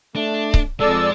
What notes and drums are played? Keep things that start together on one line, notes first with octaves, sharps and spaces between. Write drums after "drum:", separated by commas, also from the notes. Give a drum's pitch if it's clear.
A3 D4
drum: kick C#1
F2 G#3 A4 D5 E6